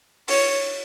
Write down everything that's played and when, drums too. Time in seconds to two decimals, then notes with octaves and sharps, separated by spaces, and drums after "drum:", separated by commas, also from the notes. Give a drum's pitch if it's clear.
0.28 C#5, drum: open hi-hat